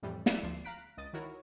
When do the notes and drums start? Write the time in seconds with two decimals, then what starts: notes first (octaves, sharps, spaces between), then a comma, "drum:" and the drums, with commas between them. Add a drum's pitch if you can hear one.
0.03 F2 A2 E3 G3
0.26 E4 D5 E5, drum: snare
0.43 D2 F3 C7
0.64 F5 A#5 F#6 B6 D7
0.97 C#2 D#5 A6 D#7
1.13 D#3 E4 F#4 A#4 C#5